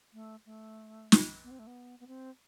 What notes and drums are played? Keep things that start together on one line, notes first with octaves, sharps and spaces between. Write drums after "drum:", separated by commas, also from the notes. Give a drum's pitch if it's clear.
A3
A3
drum: snare
B3
C4
A3
B3
B3
C4